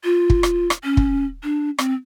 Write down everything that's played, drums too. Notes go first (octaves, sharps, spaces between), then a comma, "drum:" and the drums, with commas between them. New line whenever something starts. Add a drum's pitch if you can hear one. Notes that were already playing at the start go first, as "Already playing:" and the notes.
F4
drum: kick
drum: rim click
drum: rim click
C#4
drum: kick
D4
C4, drum: rim click